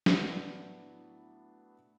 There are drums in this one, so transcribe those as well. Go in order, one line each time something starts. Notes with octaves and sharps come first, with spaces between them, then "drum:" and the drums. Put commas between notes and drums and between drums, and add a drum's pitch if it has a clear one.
A2 F#3 B3 D4, drum: snare